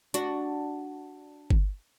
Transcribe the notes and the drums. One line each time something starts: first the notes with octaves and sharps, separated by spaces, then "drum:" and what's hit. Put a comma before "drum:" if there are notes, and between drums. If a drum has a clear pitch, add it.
D4 F#4, drum: hi-hat
drum: kick G1